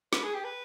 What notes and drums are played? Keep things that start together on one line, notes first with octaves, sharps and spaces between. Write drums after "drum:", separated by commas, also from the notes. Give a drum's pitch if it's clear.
B4, drum: snare
G#4
G4
B4